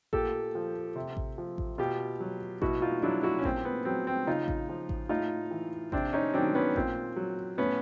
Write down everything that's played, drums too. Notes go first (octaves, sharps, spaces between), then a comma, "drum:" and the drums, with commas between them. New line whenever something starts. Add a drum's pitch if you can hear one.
A#2 G4 A4, drum: kick A1
F3
C3
drum: kick A1
F3
drum: kick A1
B2 F4 G4
F#3
B2 E4 F#4, drum: kick A1
D#4 F4
F#3 D4 E4
E4 F#4
C#4
A#2 C4, drum: kick A1
B3
F#3 C4
C4
C#3 D#4 F4
drum: kick A1
F3
drum: kick A1
A2 D#4 F4
E3
C3 C4 D4, drum: kick A1
C#4 D#4
D#3 F#3 C4 D4
B3 C#4
A#2 C4, drum: kick A1
F#3
A2 B3 C#4